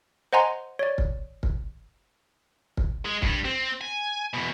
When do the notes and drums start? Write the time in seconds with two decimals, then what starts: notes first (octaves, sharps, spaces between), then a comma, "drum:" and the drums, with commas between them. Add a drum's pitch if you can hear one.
0.33 C5 D#5 F#5 G#5 A#5 C6
0.79 C#5 D5
0.98 drum: kick
1.43 drum: kick
2.77 drum: kick
3.05 G#3
3.22 G2 G3, drum: kick
3.45 C4
3.81 G#5
4.34 E2 B2